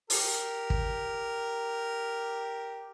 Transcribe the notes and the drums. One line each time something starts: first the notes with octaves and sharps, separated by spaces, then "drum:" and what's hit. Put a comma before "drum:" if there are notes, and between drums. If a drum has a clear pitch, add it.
G4 A#4, drum: open hi-hat
drum: kick